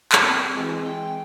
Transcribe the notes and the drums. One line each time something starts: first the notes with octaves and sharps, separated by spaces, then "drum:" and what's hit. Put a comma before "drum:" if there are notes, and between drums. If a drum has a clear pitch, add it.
drum: clap
C4
E3 G#3
G5